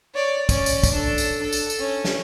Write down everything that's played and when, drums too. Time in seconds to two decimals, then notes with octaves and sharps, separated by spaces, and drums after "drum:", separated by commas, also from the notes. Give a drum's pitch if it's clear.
0.14 C#5 D5
0.49 C#4 D5, drum: kick, tambourine
0.66 drum: tambourine
0.83 drum: kick, tambourine
0.93 D4 A4
1.18 drum: tambourine
1.42 A4
1.53 drum: tambourine
1.70 drum: tambourine
1.79 C#4
2.04 drum: snare